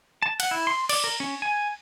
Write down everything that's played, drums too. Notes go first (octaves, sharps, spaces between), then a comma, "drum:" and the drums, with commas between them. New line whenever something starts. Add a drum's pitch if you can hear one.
A5
F#5, drum: cymbal
E4
C6
D5, drum: cymbal
A#4
C#4
G#5